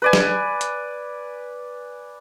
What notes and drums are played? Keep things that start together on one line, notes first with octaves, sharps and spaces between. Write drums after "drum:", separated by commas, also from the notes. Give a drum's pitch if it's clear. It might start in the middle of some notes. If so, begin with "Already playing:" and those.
B4 D5 G#5
drum: snare
drum: hi-hat